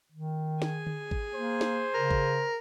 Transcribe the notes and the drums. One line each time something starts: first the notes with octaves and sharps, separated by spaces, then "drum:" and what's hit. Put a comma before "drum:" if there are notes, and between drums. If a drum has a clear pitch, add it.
D#3
G#4 G#5, drum: snare
drum: tom D3
drum: kick G#1
A#3 C5
drum: snare
C#3 A#4
drum: kick G#1